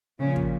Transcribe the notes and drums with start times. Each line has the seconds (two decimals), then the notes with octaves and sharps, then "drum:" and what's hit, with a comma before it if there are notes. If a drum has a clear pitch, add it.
0.20 A#2 C#3 F3 C#4
0.36 drum: kick